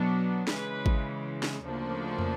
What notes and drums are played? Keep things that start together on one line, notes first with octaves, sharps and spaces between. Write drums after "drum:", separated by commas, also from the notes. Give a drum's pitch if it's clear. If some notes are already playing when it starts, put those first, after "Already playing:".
Already playing: B2 F#3 B3 D4
C#3 E3 G#3 B4, drum: snare
drum: kick G#1
drum: snare
D2 C#3 F3 A#3 D4
drum: tom